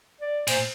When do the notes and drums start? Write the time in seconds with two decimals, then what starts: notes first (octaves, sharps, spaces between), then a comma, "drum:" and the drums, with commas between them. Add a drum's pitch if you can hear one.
0.21 D5
0.48 A#2 C5, drum: cymbal